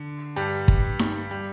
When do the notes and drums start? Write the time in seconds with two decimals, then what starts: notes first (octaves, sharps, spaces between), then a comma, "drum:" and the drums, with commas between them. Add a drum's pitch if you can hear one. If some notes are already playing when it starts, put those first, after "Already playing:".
Already playing: D3
0.36 G2 G3
0.68 drum: kick
0.99 drum: snare D#4
1.31 G3